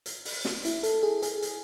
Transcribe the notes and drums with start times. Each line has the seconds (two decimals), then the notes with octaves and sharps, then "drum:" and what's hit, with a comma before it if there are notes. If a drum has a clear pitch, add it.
0.06 drum: hi-hat
0.25 drum: open hi-hat
0.45 drum: snare
0.65 E4, drum: hi-hat
0.83 A4, drum: hi-hat
1.03 G#4
1.22 G#4, drum: hi-hat
1.42 drum: hi-hat